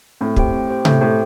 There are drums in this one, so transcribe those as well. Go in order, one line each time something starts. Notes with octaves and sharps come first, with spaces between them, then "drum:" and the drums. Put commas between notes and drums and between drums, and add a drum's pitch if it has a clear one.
A2 C4
G4 C5 G5, drum: kick
C4
G4 C5 G5
A2 C4, drum: tom C3
A2 G4 C5 G5